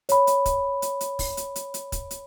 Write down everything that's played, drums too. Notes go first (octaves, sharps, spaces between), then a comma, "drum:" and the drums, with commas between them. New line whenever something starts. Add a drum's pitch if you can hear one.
C#5 B5, drum: hi-hat
drum: hi-hat
drum: kick, hi-hat
drum: hi-hat
drum: hi-hat
drum: kick, open hi-hat
drum: hi-hat
drum: hi-hat
drum: hi-hat
drum: kick, hi-hat
drum: hi-hat